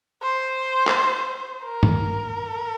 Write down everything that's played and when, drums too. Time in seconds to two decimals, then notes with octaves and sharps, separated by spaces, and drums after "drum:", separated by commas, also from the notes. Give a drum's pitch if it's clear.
0.22 C5
0.87 drum: clap
1.65 A#4
1.83 drum: tom G2